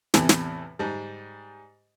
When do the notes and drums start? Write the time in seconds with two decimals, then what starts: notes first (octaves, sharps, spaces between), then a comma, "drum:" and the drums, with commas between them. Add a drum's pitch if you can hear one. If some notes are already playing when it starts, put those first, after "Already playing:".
0.14 E2 A2 C3 E3, drum: snare
0.29 drum: snare
0.79 G#2 G3